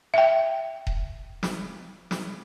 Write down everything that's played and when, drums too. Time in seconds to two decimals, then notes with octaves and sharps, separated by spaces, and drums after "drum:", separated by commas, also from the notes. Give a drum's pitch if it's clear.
0.14 E5 G5
0.87 drum: kick D#1
1.43 drum: snare
2.11 drum: snare